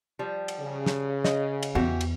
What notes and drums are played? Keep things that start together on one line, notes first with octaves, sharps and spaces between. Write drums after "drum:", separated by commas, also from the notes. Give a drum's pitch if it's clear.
F3 G3
drum: cymbal
C#3
drum: snare
D#5, drum: snare
drum: cymbal
E2 E3 F#4 G4
drum: cymbal